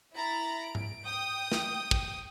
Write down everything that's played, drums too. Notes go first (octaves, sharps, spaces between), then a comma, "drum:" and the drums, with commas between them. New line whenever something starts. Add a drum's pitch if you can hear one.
E4 A#5 B5 A6
D7
drum: tom G#2
G5 D#6
drum: snare
drum: kick